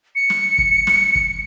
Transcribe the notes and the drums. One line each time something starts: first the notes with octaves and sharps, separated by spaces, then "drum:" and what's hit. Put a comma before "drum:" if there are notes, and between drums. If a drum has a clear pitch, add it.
C#7
drum: snare
drum: kick
drum: snare
drum: kick